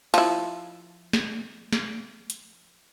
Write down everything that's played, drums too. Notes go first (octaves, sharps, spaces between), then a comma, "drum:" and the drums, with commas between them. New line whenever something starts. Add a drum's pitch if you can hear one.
F3 E4, drum: cymbal
drum: snare
drum: snare
drum: hi-hat